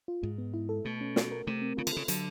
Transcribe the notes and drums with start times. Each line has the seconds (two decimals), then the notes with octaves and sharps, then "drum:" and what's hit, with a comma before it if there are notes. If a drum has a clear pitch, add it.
0.08 F4
0.23 G#2 G#3
0.38 B3
0.54 E4
0.69 A4
0.85 B2 A3
1.01 C#4
1.16 F#4, drum: snare
1.31 A#4
1.47 C3 A3
1.62 C4
1.77 C#3 F4
1.87 D3, drum: cymbal
1.93 C#3 A4
2.08 D3 F#3, drum: hi-hat